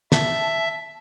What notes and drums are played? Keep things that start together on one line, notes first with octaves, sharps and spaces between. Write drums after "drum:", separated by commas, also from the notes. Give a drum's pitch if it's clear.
E5 A5, drum: snare